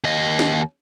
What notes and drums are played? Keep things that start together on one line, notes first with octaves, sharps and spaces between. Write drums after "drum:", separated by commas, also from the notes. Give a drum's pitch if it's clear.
D#2 D#5
drum: snare